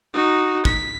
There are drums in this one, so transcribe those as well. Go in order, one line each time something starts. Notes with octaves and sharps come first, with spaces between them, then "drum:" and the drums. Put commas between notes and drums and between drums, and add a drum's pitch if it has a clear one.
D#4 F#4
B6, drum: kick